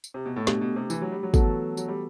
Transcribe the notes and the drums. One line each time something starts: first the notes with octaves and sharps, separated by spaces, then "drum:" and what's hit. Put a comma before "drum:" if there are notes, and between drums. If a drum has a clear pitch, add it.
drum: tambourine
C3
B2
A2
B2 A3 D4 G4, drum: snare
B2
C3
E3, drum: tambourine
F#3
G3
F#3
E3 B3 F#4 A4, drum: kick, tambourine
F#3, drum: tambourine
G3